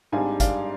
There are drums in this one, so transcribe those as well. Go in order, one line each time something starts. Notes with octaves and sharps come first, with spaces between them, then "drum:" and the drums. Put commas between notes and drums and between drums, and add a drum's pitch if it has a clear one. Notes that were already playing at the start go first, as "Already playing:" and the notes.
G#1 G#2 G3 D4 F5 G#5
D5 F5, drum: kick G1, hi-hat